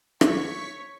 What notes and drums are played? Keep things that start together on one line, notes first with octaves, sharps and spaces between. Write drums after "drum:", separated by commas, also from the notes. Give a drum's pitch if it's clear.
C#5 C#6 B6, drum: rim click